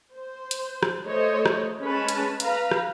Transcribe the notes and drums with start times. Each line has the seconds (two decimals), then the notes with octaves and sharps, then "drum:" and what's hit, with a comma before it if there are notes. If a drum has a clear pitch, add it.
0.15 C5
0.51 drum: hi-hat
0.83 drum: rim click
1.06 A3 C5 C#5 D#5
1.46 drum: rim click
1.83 G#3 C#4 B4 A5
2.08 drum: hi-hat
2.40 B4 F5 A#5, drum: hi-hat
2.71 drum: rim click